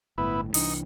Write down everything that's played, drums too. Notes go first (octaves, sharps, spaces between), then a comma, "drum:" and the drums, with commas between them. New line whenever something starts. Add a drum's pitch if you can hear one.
G1 A2 B3 E4
C2 E3 D4 D#4, drum: open hi-hat